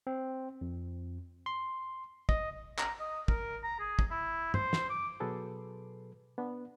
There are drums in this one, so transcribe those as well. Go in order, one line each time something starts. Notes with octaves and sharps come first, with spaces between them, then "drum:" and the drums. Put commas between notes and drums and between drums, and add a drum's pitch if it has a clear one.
C4
F2
C6
D#5, drum: kick
A#5, drum: clap
D#5
A#4, drum: kick
A#5
G#4
drum: kick
E4
C5, drum: tom
drum: snare
D6
B2 F#3 G#4 A4 B4
B3 D4